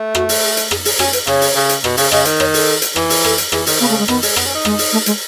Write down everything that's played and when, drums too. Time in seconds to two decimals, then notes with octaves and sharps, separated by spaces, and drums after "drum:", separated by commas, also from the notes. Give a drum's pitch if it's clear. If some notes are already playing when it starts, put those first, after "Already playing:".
Already playing: A3
0.15 F#4, drum: rim click
0.29 drum: open hi-hat
0.43 G#4
0.57 drum: hi-hat
0.71 G#4, drum: rim click
0.85 G#4, drum: open hi-hat
0.99 C#4 F#4, drum: rim click
1.13 B4, drum: hi-hat
1.27 C#3 C#5, drum: rim click
1.41 drum: open hi-hat
1.55 C#3
1.69 drum: hi-hat
1.84 B2, drum: rim click
1.97 C#3, drum: open hi-hat
2.11 C#3 D#5, drum: rim click
2.25 D#3, drum: hi-hat
2.40 C#5, drum: rim click
2.54 A4, drum: open hi-hat
2.82 drum: hi-hat
2.96 E3, drum: rim click
3.10 drum: open hi-hat
3.24 A4, drum: rim click
3.38 drum: hi-hat
3.52 E3 G#4, drum: rim click
3.66 D#3, drum: open hi-hat
3.80 C#3 B3
3.90 A3
3.99 G#3
4.08 D#3 B3, drum: rim click
4.22 G#3, drum: open hi-hat
4.36 B3, drum: rim click
4.46 C#4
4.54 D#4
4.65 G#3, drum: rim click
4.78 drum: open hi-hat
4.92 A3
5.06 G#3, drum: hi-hat